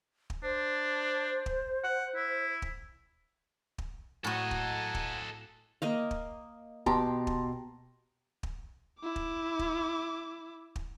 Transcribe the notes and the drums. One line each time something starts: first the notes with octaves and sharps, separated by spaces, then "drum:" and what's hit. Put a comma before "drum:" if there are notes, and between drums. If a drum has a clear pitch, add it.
drum: kick
D4 C5
drum: kick
F#5
E4
drum: kick
drum: kick
A2 F#4 A4 D#5 F#5 G#5 A#5
drum: kick
drum: kick
A#3 D#5 F5
drum: kick
B2 G4 A5 A#5 C6, drum: kick
drum: kick
drum: kick
E4 D6
drum: kick
drum: kick
drum: kick